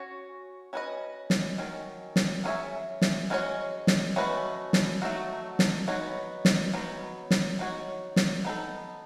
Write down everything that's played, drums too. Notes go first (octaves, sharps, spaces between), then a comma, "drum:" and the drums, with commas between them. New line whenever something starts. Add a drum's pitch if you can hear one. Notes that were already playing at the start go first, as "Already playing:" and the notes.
Already playing: C#4 F#4 C#5
C#4 F#4 B4 D#5
drum: snare
D#3 F#3 C#4
drum: snare
F#3 C#4 G#4 C#5 E5
drum: snare
G#3 C#4 F#4 A4 C#5
drum: snare
A3 C#4 F#4 B4 D#5
drum: snare
F#3 A3 D#4 F#4
drum: snare
F#3 B3 D#4 F#4 C#5
drum: snare
F#3 B3 D#4
drum: snare
D#4 F#4 C#5
drum: snare
B3 D#4 A4